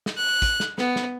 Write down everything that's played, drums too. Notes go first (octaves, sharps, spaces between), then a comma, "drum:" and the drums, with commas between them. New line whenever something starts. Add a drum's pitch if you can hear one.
drum: snare
F#6
drum: kick, hi-hat
drum: snare
B3, drum: snare
drum: snare